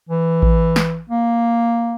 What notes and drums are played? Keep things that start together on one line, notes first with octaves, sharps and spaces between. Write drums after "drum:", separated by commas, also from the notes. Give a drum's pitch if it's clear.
E3
drum: kick A1
drum: snare
A#3